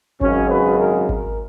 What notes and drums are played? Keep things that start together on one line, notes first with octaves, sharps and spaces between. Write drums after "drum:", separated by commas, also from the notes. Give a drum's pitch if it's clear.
G#1 F#2 C#3 G#3 C#4, drum: kick G#1
B4
A#4
A#4, drum: kick G#1